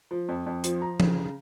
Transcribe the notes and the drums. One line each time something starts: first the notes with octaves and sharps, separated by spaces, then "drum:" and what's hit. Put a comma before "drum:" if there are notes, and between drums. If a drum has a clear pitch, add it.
F3
F2
F2
F3, drum: hi-hat
F3 A#5
C#3, drum: tom